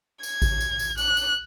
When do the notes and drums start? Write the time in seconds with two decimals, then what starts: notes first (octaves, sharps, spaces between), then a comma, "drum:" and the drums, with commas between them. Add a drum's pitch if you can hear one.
0.23 G#6, drum: tambourine
0.42 drum: kick G#1, tambourine
0.61 drum: tambourine
0.79 drum: tambourine
0.98 F#6, drum: tambourine
1.17 drum: tambourine